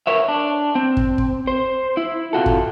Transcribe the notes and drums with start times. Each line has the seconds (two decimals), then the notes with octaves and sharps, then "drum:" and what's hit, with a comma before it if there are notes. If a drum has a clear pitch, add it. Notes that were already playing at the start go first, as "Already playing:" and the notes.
0.07 A#4 B4 C#5 E5
0.28 D4
0.75 C4
0.97 drum: kick
1.18 drum: kick
1.47 C5
1.97 E4
2.33 C3 F4 F#4 A4
2.46 drum: kick